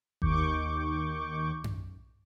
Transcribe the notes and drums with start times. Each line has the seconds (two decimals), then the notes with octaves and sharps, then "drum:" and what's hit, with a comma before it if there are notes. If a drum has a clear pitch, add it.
0.22 D#2 D#3 C#6 D6 G6, drum: kick G1
1.64 drum: tom F#2